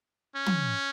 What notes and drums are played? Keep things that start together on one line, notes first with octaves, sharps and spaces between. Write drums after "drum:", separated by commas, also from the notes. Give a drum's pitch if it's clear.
C#4
drum: tom